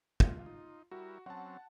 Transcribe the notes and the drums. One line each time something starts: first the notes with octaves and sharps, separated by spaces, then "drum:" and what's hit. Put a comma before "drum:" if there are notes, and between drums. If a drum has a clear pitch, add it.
F2 F4, drum: kick
D#4
G3 E4 F#4 A#4
F#3 C4 C#4 F#5 A5